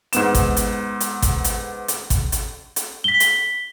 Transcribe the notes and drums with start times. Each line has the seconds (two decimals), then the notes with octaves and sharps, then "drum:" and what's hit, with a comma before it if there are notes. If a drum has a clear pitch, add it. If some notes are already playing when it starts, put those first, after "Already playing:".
0.13 G#2 B3 E7, drum: hi-hat
0.35 drum: kick, hi-hat
0.57 drum: hi-hat
1.00 drum: hi-hat
1.22 drum: kick, hi-hat
1.44 drum: hi-hat
1.88 drum: hi-hat
2.10 drum: kick, hi-hat
2.32 drum: hi-hat
2.76 drum: hi-hat
3.04 B6 G7
3.20 drum: hi-hat